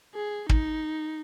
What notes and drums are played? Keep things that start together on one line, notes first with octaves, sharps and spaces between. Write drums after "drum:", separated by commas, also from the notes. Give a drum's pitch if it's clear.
G#4
D#4, drum: kick